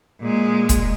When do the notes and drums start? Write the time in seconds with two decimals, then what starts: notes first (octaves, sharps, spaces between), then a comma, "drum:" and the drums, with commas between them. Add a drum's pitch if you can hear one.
0.21 A#2 G#3
0.69 drum: kick, hi-hat